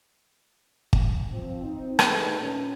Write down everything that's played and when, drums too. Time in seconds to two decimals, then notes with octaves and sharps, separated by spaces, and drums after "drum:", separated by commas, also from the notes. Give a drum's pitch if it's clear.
0.93 drum: kick
1.32 F3 C4
1.62 C4 D#4
1.99 D#2 D3 G#3 A3 D#4 B4, drum: rim click
2.39 A#2 C#4